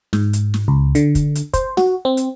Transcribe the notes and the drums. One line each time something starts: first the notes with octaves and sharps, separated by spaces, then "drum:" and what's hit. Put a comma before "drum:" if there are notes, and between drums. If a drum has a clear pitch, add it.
G#2, drum: snare
drum: hi-hat
drum: snare
C#2
D3, drum: hi-hat
drum: kick, hi-hat
drum: hi-hat
C5, drum: kick, hi-hat
F#4, drum: snare
C4
drum: hi-hat